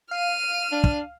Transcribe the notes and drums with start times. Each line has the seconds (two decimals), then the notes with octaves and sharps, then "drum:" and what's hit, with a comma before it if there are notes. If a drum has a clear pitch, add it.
0.11 F5 F6 D#7
0.72 D4
0.84 drum: kick